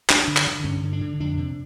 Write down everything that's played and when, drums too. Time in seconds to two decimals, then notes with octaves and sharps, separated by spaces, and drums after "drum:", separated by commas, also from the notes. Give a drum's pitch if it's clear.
0.10 F#2 D4, drum: clap
0.27 D3
0.37 drum: clap
0.47 D3
0.64 G2 C#4
0.83 D3
0.93 D4
1.01 D3
1.20 F2 D4
1.37 C3